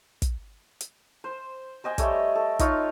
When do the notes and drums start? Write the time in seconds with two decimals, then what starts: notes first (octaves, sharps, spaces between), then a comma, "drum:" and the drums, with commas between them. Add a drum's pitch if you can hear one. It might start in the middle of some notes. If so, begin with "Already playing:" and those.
0.22 drum: kick, hi-hat
0.81 drum: hi-hat
1.24 C5
1.84 C5 D#5 G5 G#5
1.98 G3 A3 C#5 G5, drum: kick, hi-hat
2.35 A4
2.59 D#4 F4 C#5, drum: kick, hi-hat